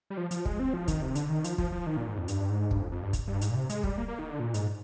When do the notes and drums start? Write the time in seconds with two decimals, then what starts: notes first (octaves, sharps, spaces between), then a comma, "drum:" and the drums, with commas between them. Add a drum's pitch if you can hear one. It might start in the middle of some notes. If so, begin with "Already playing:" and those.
0.10 G3
0.17 F3
0.31 F3, drum: hi-hat
0.45 G#3, drum: kick
0.60 C4
0.73 F3
0.88 D#3, drum: kick, hi-hat
1.02 C3
1.15 D3, drum: hi-hat
1.29 D#3
1.44 F3, drum: hi-hat
1.58 F3, drum: kick
1.72 F3
1.87 D#3
1.97 A#2
2.07 G#2
2.18 F2
2.28 G2, drum: hi-hat
2.50 G#2
2.71 G2, drum: kick
2.81 F2
2.92 F2
3.02 G2
3.13 drum: kick, hi-hat
3.27 G2
3.41 G#2, drum: hi-hat
3.50 A#2
3.55 C3
3.69 G#3, drum: hi-hat
3.83 G3, drum: kick
3.98 A#3
4.08 A#3
4.19 D#3
4.29 D3
4.40 A#2
4.54 G#2, drum: hi-hat